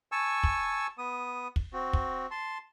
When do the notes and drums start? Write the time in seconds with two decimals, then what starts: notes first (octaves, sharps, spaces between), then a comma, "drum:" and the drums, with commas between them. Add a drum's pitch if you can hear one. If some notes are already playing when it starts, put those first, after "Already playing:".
0.12 G#5 A5 C#6 E6
0.44 drum: kick
0.98 B3 D#6
1.56 drum: kick
1.73 C4 F#4
1.93 drum: kick
2.31 A5 C6